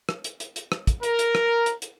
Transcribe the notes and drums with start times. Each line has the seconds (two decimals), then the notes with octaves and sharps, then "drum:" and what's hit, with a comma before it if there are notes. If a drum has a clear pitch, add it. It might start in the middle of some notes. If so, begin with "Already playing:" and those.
0.09 drum: rim click
0.24 drum: hi-hat
0.40 drum: hi-hat
0.56 drum: hi-hat
0.72 drum: rim click
0.87 drum: kick, hi-hat
1.03 A#4, drum: hi-hat
1.19 drum: hi-hat
1.35 drum: rim click
1.66 drum: hi-hat
1.82 drum: hi-hat